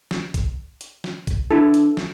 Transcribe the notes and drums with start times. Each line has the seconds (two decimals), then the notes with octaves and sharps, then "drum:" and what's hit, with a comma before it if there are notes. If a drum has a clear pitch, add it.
0.11 drum: snare
0.34 drum: kick A#1, hi-hat
0.81 drum: hi-hat
1.04 drum: snare
1.27 drum: kick A#1, hi-hat
1.51 D3 E4 A4
1.74 drum: hi-hat
1.97 drum: snare